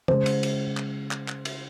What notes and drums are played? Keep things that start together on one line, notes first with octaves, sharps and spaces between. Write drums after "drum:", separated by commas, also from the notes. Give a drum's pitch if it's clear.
C#3 G#3 C5, drum: tom
drum: cymbal
drum: cymbal
drum: clap
drum: clap
drum: clap
drum: cymbal